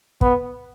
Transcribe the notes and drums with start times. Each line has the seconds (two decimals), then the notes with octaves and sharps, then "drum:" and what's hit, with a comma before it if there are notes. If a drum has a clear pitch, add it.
0.21 B3, drum: kick